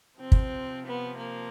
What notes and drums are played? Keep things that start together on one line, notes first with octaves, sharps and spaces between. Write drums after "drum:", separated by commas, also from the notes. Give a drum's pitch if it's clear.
C3 F3 C4
drum: kick
B3
A#3